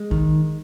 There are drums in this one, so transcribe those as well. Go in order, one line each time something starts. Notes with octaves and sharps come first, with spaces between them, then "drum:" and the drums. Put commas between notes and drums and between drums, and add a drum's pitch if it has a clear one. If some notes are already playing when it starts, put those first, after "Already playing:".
Already playing: G#3
D#3, drum: kick A#1